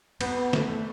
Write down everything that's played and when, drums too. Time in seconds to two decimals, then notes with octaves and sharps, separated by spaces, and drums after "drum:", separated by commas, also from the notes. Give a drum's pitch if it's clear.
0.21 B3, drum: cymbal
0.53 A3, drum: snare